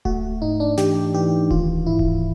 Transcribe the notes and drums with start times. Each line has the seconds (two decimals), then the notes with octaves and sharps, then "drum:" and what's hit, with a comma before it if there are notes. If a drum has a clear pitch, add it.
0.05 A3 F#4, drum: kick D1
0.42 G#2 D#4
0.60 D4
0.77 E3 G4, drum: snare
1.14 E3 G4
1.51 D#3 F4, drum: kick D1
1.86 G#2 E4
1.99 drum: kick D1